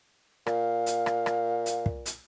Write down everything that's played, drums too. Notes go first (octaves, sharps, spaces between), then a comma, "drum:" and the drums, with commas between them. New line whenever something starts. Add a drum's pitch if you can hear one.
A#2 F5, drum: rim click
drum: hi-hat
drum: rim click
drum: rim click
drum: hi-hat
drum: kick
drum: hi-hat